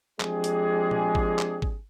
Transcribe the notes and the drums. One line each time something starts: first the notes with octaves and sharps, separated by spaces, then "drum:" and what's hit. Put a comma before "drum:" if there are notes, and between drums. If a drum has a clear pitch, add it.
F3 G#3 C4 D4 G4 G#4, drum: clap
drum: hi-hat
drum: tom A#2
drum: kick
drum: clap
drum: kick